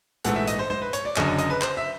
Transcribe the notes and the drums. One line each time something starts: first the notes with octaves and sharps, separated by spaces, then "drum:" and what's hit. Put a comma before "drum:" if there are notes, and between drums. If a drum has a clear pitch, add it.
A#1 G#2 E3 A3 F#5, drum: hi-hat
E5
D#5, drum: hi-hat
C5
C5, drum: tom G#3
B4
C#5, drum: hi-hat
D5
F#1 F#2 D3 D#5, drum: clap
D#5
D#5, drum: hi-hat
B4
C5, drum: clap
E5